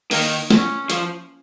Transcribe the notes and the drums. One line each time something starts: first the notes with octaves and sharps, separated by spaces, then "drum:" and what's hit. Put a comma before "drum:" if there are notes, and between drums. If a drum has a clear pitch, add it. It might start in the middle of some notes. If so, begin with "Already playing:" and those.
D#3 A#3, drum: open hi-hat
C#4, drum: snare
F3, drum: hi-hat